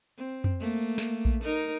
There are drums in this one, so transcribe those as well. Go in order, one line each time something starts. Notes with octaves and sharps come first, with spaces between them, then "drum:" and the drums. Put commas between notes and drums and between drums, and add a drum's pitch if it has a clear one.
C4
drum: tom F2
A3 A#3
drum: snare
drum: kick A#1
D#4 A#4